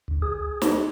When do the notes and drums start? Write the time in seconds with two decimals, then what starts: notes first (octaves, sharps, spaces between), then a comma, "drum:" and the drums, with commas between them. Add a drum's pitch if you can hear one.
0.08 D2
0.22 G#4
0.62 drum: snare